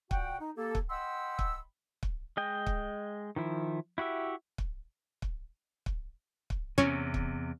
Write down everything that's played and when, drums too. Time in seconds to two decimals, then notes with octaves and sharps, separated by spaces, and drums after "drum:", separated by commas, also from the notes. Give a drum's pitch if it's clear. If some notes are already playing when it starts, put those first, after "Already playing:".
0.11 A#2 F#4 F#5 G5, drum: kick
0.40 D#4
0.56 A#3 G4 A4
0.75 drum: kick
0.90 D#5 F#5 G5 B5 C6 E6
1.39 drum: kick
2.03 drum: kick
2.37 G#3 D#5 G5
2.67 drum: kick
3.36 D#3 F3 E4
3.98 E4 F#4 G4 E5
4.58 drum: kick
5.22 drum: kick
5.86 drum: kick
6.50 drum: kick
6.78 E2 C3 C#4
7.14 drum: kick